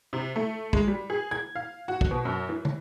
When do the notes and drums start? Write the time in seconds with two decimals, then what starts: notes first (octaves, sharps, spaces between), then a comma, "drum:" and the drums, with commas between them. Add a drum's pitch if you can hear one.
0.13 C3
0.36 A3
0.73 G#3, drum: kick
0.88 G3
1.10 G#4
1.31 G#6
1.56 F5
1.88 F#4
2.01 drum: kick
2.11 B2
2.25 F#2
2.49 E3
2.65 drum: tom